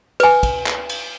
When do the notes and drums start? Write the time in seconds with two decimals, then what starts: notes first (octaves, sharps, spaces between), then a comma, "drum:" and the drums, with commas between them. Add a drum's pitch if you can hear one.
0.20 B4 G#5, drum: cymbal
0.43 drum: kick, cymbal
0.66 drum: clap
0.89 drum: cymbal